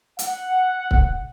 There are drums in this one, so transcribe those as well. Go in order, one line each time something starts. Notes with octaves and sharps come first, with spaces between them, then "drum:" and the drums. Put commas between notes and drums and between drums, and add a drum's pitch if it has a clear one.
F#5, drum: hi-hat
drum: kick C#1